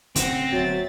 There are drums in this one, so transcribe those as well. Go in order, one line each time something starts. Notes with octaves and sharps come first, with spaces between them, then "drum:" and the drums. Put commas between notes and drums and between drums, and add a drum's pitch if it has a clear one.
D1 C#3 C4 F#5 A#6, drum: hi-hat
D1 F#3 A#3 E5 A6